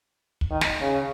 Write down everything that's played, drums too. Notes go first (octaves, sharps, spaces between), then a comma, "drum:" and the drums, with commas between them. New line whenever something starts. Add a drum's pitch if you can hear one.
drum: kick
D#3
drum: snare
C#3